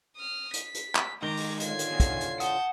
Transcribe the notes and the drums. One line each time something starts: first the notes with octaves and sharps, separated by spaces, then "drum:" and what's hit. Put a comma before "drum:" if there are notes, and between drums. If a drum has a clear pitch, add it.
D#6 F6
B6, drum: hi-hat
drum: hi-hat
drum: clap
D#3 G#3 A#5 D6 G7
drum: open hi-hat
A2 D3 F4 G#6 C7, drum: hi-hat
drum: hi-hat
E2
drum: kick, hi-hat
drum: hi-hat
F#5 A5 D#6 G6, drum: hi-hat